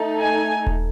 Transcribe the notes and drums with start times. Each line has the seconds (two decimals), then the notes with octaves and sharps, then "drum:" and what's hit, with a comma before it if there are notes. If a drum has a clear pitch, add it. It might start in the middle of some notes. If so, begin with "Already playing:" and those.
Already playing: A3 D#4 A4
0.19 G#5
0.67 drum: kick D#1